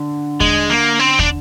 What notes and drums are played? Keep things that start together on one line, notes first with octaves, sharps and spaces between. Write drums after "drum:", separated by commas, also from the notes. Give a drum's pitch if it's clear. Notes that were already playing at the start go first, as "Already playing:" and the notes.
Already playing: D3
G#3, drum: kick
A#3
C4
D4, drum: kick